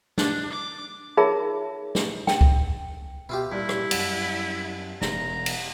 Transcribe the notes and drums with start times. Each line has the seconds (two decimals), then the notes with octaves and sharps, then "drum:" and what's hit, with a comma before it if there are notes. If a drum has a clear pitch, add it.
0.18 D4, drum: snare
0.53 D6
1.17 D#4 F4 G#4 A#4 C#5 E5
1.95 drum: snare
2.27 G5, drum: snare
2.41 drum: kick C#2
3.29 B2 E4 F4 G4
3.52 G2 A#2 E4
3.69 drum: rim click
3.91 F#2 G3, drum: cymbal
5.01 E1 A#5, drum: snare
5.46 drum: cymbal